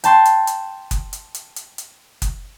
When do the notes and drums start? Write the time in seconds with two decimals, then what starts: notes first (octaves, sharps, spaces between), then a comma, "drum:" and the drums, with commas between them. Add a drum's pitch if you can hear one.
0.04 G5 A5 C6 G6, drum: hi-hat
0.25 drum: hi-hat
0.47 drum: hi-hat
0.91 drum: kick F#1, hi-hat
1.13 drum: hi-hat
1.34 drum: hi-hat
1.56 drum: hi-hat
1.78 drum: hi-hat
2.22 drum: kick F#1, hi-hat